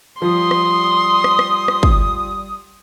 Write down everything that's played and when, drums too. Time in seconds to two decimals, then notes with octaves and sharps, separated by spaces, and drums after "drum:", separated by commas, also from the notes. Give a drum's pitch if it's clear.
0.22 F3 G3 C6 D#6
0.51 drum: rim click
1.24 drum: rim click
1.39 drum: rim click
1.68 drum: rim click
1.83 drum: kick